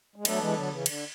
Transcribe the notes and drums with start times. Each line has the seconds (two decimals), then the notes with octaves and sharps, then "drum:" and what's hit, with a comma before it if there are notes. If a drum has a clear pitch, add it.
0.16 G#3
0.25 F#3 A3 B3 D4 A4, drum: cymbal
0.40 E3 G#3
0.55 D3 F#3
0.71 C#3 E3
0.86 D3, drum: cymbal